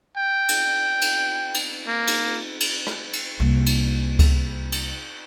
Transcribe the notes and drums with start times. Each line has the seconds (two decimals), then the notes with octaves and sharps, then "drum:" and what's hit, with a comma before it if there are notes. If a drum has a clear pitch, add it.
0.17 G5
0.48 drum: cymbal
1.01 drum: cymbal
1.54 drum: cymbal
1.87 A#3
2.07 drum: cymbal
2.60 drum: cymbal
2.87 drum: rim click
3.13 drum: cymbal
3.40 C2 A#3
3.66 drum: cymbal
4.19 drum: kick C#2, cymbal
4.72 drum: cymbal